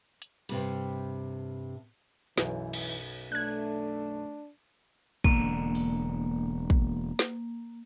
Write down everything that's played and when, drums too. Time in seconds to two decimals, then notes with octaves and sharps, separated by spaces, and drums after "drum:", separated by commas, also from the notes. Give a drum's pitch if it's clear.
0.22 drum: hi-hat
0.49 G2 C3 G3, drum: cymbal
2.38 B1 F#2 E3, drum: snare
2.73 drum: cymbal
3.32 A3 D4 F#6 G#6
5.24 E1 D3 A#3, drum: kick
5.75 drum: open hi-hat
6.70 drum: kick
7.19 drum: snare